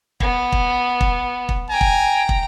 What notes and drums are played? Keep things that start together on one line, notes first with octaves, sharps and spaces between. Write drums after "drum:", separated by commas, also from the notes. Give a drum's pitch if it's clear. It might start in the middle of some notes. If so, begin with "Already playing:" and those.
B3, drum: kick
drum: kick
drum: kick
drum: kick
G5 G#5 A#5
drum: kick
drum: kick